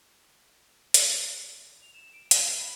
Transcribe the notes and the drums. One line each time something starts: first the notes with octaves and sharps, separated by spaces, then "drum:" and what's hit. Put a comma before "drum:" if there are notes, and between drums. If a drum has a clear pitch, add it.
drum: hi-hat
F7
E7
D7
F#7, drum: hi-hat
F5
B5